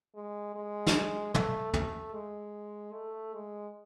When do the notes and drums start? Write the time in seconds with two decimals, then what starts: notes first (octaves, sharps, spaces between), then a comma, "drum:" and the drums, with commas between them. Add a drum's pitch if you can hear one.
0.15 G#3
0.55 G#3
0.87 drum: snare
1.34 A3, drum: tom
1.73 A3, drum: tom
2.14 G#3
2.93 A3
3.34 G#3